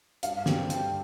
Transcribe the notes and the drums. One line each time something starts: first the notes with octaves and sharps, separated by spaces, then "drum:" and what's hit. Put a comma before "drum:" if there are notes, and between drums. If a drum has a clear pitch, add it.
G2 F5, drum: hi-hat
D3 G3 C4, drum: snare
G2 G5, drum: hi-hat